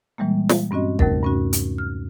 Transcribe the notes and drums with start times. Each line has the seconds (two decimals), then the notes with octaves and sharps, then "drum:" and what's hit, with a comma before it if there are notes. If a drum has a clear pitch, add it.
0.18 A#2 E3 G3 G#3 A#3
0.49 drum: snare
0.71 G2 C4 C#4 F#4 D#5
0.99 D#2 C3 A3 A#4 A6, drum: kick
1.23 G2 C#4 F#4
1.53 drum: hi-hat
1.78 F6